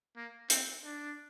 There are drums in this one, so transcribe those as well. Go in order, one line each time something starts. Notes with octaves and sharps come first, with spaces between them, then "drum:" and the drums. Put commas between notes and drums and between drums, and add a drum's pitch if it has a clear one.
A#3
C4, drum: hi-hat
D4